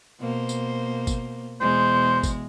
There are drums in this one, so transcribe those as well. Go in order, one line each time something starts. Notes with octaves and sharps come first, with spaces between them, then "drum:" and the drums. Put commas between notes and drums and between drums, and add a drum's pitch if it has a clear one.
B2 A#3 C5
drum: tambourine
drum: kick G1, tambourine
E2 B2 G#3 C5
drum: kick G1, tambourine